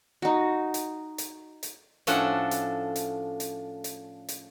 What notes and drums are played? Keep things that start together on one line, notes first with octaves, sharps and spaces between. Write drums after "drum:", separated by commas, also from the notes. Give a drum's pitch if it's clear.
D#4 F#4
drum: hi-hat
drum: hi-hat
drum: hi-hat
A2 F3 C#4 D4 A4 F#5, drum: hi-hat
drum: hi-hat
drum: hi-hat
drum: hi-hat
drum: hi-hat
drum: hi-hat